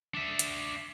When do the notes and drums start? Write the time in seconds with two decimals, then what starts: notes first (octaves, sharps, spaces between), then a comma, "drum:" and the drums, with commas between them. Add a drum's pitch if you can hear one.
0.14 D4 E5
0.39 drum: hi-hat